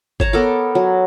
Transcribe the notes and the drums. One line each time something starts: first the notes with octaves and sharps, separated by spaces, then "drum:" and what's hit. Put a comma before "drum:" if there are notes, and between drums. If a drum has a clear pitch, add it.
C#5 A5 A#5, drum: kick G#1
B3 A4 A#4 D6
F#3